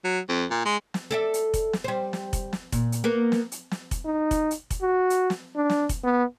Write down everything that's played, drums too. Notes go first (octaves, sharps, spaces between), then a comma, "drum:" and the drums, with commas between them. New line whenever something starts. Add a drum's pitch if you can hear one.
F#3
F2
A#2
G#3
drum: snare
A4 D5 E5
drum: hi-hat
drum: kick F1, hi-hat
drum: snare
G3 C5
drum: snare
drum: kick F1, hi-hat
drum: snare
A#2, drum: kick F1, hi-hat
drum: hi-hat
A#3 B3 A#4
drum: snare
drum: hi-hat
drum: snare
drum: kick F1, hi-hat
D#4
drum: kick F1, hi-hat
drum: hi-hat
drum: kick F1, hi-hat
F#4
drum: hi-hat
drum: snare
D4
drum: snare
drum: kick F1, hi-hat
B3